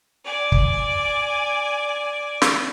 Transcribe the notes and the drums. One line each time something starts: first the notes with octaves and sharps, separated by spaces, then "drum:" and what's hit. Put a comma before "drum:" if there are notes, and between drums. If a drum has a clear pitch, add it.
D5 G#5
drum: kick
drum: snare